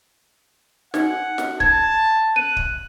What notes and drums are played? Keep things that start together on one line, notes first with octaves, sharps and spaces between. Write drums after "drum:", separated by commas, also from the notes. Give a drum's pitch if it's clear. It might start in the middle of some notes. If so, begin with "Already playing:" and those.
D#4 F#5, drum: snare
drum: snare
A5 G#6, drum: kick
F#6 D#7
drum: kick